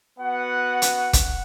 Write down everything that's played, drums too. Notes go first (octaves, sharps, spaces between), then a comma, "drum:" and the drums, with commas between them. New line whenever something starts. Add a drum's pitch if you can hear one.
B3 F#4 B4 F#5
drum: hi-hat
F#5, drum: kick, hi-hat